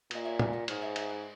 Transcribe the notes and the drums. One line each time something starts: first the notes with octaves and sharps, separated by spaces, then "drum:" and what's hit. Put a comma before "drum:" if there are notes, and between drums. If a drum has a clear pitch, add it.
A#2 D#5, drum: cymbal
C#5 E5
E5 G#5, drum: tom
D#5 F#5
G#2 A#4 C#5, drum: cymbal
C#5 E5
C#5 E5, drum: cymbal
B4 D#5